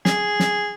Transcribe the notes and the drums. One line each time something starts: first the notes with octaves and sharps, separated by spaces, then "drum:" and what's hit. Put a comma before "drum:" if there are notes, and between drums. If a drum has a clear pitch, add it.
G#4, drum: snare
drum: snare